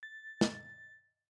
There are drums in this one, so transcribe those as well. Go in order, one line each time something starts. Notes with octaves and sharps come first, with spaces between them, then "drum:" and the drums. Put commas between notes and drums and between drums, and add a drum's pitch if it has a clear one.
A6
drum: snare